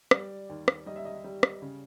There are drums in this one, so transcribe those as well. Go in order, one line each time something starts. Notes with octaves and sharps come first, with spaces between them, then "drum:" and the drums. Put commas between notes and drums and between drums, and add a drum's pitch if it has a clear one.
G3 D5, drum: rim click
D#2
drum: rim click
G3 D#5
E5
D#5
G3
drum: rim click
C#3